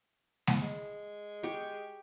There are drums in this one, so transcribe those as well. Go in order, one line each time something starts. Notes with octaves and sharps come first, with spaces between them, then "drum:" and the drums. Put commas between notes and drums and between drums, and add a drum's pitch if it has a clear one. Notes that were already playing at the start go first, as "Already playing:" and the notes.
drum: snare G#3
G#3
G4 C#6